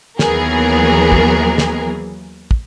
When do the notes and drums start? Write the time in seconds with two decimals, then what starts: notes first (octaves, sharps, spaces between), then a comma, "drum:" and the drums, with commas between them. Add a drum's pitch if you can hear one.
0.19 D#2 E3 F#3 B3 G#4 A#4, drum: snare
1.12 drum: kick
1.58 drum: snare
2.51 drum: kick